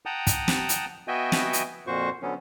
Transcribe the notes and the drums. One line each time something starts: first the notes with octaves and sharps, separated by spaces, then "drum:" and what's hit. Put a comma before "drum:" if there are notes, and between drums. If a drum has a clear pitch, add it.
F#5 G5 A5 A#5 D#6
drum: kick, hi-hat
drum: snare
drum: hi-hat
B3 F#4 D#5 E5 G5 G#5
drum: snare
drum: hi-hat
F2 A#2 F#4 C5 C#6
D3 F#3 B3 C#4